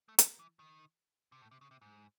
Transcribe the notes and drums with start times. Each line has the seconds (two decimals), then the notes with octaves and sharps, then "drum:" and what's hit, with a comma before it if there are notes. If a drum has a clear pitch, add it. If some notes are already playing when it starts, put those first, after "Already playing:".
0.09 A3
0.19 F#3, drum: hi-hat
0.39 E3
0.59 D#3
1.32 C3
1.41 A2
1.51 C3
1.61 C#3
1.71 C3
1.82 G#2